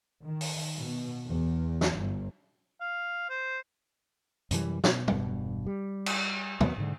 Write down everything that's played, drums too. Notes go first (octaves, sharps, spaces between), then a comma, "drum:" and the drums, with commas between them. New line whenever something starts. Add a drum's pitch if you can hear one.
D#3
drum: open hi-hat
B2
E2
drum: snare
G1
F5
C5
F#2 C3 E3 G3, drum: hi-hat
B2, drum: snare
E1 G2 B2, drum: tom
G3
drum: cymbal
D#2 F#3 B3, drum: tom
G#2 D3